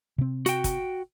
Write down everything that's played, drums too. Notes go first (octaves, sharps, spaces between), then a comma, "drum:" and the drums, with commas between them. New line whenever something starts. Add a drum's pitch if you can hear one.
C3 C4
F#4 G5, drum: hi-hat
drum: kick, hi-hat